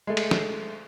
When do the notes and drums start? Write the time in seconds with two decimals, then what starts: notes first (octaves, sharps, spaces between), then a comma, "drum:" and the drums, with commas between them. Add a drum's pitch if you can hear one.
0.07 G#3 A3
0.17 drum: cymbal
0.31 drum: snare